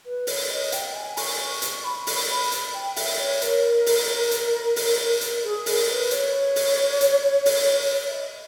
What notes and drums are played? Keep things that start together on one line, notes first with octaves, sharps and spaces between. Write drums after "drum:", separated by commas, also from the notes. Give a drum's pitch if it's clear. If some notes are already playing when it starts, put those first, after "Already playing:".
B4
C#5, drum: open hi-hat
D#5
G5, drum: hi-hat
G#5
C#6, drum: open hi-hat
C#6
C#6, drum: hi-hat
B5
drum: open hi-hat
B5
drum: hi-hat
G5
E5, drum: open hi-hat
C#5
A#4, drum: hi-hat
drum: open hi-hat
drum: hi-hat
drum: open hi-hat
drum: hi-hat
G#4
A#4, drum: open hi-hat
B4
C#5, drum: hi-hat
drum: open hi-hat
drum: hi-hat
drum: open hi-hat
E5
D#5